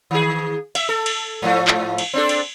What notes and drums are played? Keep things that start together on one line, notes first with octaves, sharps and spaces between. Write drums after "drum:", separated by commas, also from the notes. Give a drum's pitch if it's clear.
D#3 G#4
E5, drum: cymbal
A4
drum: cymbal
G#2 F3 A3
drum: clap
drum: cymbal
C4 D4 A4
drum: cymbal